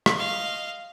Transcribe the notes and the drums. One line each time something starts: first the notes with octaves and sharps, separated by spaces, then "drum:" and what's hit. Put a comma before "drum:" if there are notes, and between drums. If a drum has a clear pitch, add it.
drum: rim click
D#5 F5